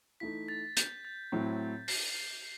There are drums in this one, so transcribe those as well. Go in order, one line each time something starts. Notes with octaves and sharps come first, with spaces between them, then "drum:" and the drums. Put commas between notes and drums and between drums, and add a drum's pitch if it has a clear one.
E3 A3 D#4 B6
A6
G6, drum: hi-hat
A6
A2 F#3 C4 E4
C7, drum: open hi-hat